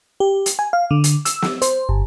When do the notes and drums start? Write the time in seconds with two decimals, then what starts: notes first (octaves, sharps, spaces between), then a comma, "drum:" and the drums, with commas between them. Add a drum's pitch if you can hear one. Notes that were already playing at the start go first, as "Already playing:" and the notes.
0.20 G4
0.46 drum: hi-hat
0.59 G#5
0.73 F5
0.91 D3
1.04 drum: hi-hat
1.25 E6, drum: hi-hat
1.42 drum: snare
1.62 C5, drum: hi-hat
1.89 G1